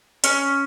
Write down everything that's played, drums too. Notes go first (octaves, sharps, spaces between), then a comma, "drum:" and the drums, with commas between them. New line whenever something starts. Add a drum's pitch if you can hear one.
C#4, drum: hi-hat